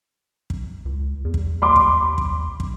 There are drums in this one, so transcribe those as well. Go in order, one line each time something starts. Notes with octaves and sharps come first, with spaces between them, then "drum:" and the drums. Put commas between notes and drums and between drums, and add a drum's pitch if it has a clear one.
drum: kick
C#2
E2
drum: kick
D#2 B5 C6 D6
drum: kick
drum: kick
drum: kick